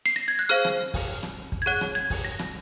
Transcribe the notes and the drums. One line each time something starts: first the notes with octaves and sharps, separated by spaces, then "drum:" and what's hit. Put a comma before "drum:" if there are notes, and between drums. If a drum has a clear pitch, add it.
C7
A#6
G#6
F#6
G#4 C5 F5 F6
drum: rim click
drum: kick, open hi-hat
drum: rim click
drum: kick
G#6
G#4 C#5 F#5 F#6
drum: rim click
G#6
drum: kick, open hi-hat
A#6
drum: rim click